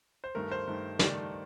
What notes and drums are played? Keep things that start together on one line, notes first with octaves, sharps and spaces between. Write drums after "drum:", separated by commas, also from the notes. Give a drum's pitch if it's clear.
C5
G2 D#3 A3 A#4
C5
G2 D#3 A3
G2 D#3 A3 D5, drum: snare